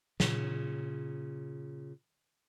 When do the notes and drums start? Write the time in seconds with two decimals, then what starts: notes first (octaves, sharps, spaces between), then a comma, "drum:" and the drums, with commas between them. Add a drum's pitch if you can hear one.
0.20 A#2 C#3, drum: snare